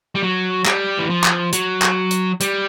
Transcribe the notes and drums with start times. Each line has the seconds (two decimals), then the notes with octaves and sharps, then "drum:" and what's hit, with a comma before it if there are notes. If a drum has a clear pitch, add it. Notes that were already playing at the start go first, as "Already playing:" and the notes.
0.15 G3
0.22 F#3
0.66 G3, drum: clap
0.98 E3
1.10 F3
1.24 drum: clap
1.53 F#3, drum: hi-hat
1.82 drum: clap
2.11 drum: hi-hat
2.41 G3, drum: hi-hat